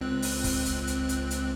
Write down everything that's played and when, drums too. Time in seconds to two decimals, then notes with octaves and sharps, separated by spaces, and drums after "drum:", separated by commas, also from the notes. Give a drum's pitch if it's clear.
0.01 C#2 C4 F#6
0.22 drum: open hi-hat
0.44 drum: kick, open hi-hat
0.66 drum: hi-hat
0.87 drum: hi-hat
1.09 drum: hi-hat
1.31 drum: hi-hat